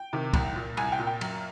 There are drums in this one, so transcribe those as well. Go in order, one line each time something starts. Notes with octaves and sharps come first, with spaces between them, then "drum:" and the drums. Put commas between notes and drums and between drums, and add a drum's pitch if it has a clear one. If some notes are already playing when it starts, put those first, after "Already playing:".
Already playing: G5
C3 D#3
C2, drum: kick C#2, cymbal
A#2
C2 G#5, drum: cymbal
G5
A#2
G5
F#2, drum: cymbal